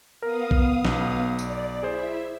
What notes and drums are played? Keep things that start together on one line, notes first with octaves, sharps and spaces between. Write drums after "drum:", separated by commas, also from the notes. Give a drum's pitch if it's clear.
B3 A#4 F5 D#6
drum: kick B1
B1, drum: snare
D5, drum: tambourine
E4 G#4 C5 D5 E5